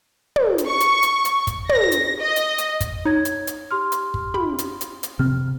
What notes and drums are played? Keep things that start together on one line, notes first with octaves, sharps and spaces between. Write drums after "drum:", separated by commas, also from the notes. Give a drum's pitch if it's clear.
drum: tom
drum: hi-hat
C#6
drum: hi-hat
drum: hi-hat
drum: hi-hat
drum: kick, hi-hat
A#6, drum: tom
drum: hi-hat
D#5
drum: hi-hat
drum: hi-hat
drum: kick, hi-hat
D#4 C#5 G#6
drum: hi-hat
drum: hi-hat
G4 C6 F6
drum: hi-hat
drum: kick
B5, drum: tom
drum: hi-hat
drum: hi-hat
drum: hi-hat
C3 C4 F6